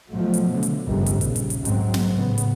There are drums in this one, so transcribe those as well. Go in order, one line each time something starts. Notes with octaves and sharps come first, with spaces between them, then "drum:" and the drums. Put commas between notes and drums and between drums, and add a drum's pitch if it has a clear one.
B2 F3 F#3 A3
drum: hi-hat
D3
drum: hi-hat
G1 D#2 C#3 F3
drum: hi-hat
A#1 C#3, drum: hi-hat
drum: hi-hat
drum: hi-hat
G#2 F#3 C4, drum: hi-hat
drum: snare
A2 C#3 B3
drum: hi-hat